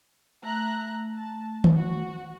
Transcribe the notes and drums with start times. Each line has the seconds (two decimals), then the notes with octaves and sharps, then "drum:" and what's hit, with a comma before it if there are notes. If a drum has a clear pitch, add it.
0.43 A3 E5 A#5 F#6
1.15 A5
1.64 drum: tom D#3
1.76 F#4